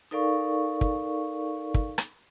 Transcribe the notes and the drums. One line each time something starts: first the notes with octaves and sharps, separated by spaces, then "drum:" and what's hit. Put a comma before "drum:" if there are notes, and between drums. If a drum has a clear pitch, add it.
D#4 A4 A#4 D5 F5 C#6
drum: kick
drum: kick
drum: rim click